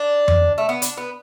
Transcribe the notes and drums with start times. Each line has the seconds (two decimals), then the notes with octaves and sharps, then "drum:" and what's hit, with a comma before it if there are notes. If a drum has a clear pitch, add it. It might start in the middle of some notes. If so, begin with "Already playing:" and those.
Already playing: D4
0.28 drum: tom F2
0.58 A3
0.69 B3
0.82 D4, drum: hi-hat
0.98 B3